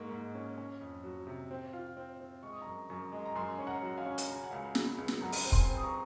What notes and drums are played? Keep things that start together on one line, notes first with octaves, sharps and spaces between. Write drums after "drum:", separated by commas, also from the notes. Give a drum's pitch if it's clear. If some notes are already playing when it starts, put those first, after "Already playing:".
Already playing: G#2 G#3 A#3 C#6
G#2
C#4
C#4
F2
F#3
C3
C4
F4
C4
C4
G#3 C#6
D#6
F#2 A#5 C#6
F#2 A#5 C#6
G#3
A#5
F#2 G#5 C6
C#4
F#5 A#5
F#3
F5 G#5
C#4
drum: hi-hat
C#3 A#5
G#5
F#5
C#2 F5 G#5
C#3, drum: snare
C#2
drum: snare
F#2 F#5 A#5
drum: open hi-hat
C4
G#5 C6, drum: kick
C4
D#6
A#5 C#6